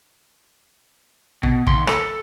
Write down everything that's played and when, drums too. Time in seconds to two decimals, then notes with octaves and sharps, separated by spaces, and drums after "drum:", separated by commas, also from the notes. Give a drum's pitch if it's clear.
1.43 B2, drum: kick
1.67 D#2 C6, drum: kick
1.87 A4, drum: rim click